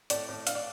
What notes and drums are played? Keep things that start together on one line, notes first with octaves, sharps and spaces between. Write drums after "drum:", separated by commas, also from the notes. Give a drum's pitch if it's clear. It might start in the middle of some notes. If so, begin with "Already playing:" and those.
A2 D5, drum: hi-hat
A2
D4 F5, drum: hi-hat
D5